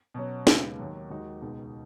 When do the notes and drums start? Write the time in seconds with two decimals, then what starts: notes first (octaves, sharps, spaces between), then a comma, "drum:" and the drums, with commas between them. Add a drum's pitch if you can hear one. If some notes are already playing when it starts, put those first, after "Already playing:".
0.14 B2 F#3 C#4
0.47 D#2 C#3 G#3 B3, drum: snare
0.78 D#2 D#3 F#3
1.10 D#2 D#3 G#3 D#4 F#4
1.42 C#2 B2 G#3 D#4